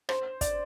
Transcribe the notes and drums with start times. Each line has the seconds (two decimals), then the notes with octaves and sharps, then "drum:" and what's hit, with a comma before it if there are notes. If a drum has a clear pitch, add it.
0.09 C5, drum: rim click
0.41 D5, drum: kick, hi-hat